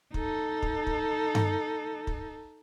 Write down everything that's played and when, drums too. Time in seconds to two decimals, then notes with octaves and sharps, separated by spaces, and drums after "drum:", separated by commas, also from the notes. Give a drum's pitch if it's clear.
0.14 D#4 A4, drum: kick
0.62 drum: kick
0.87 drum: kick
1.35 drum: tom G2
2.07 drum: kick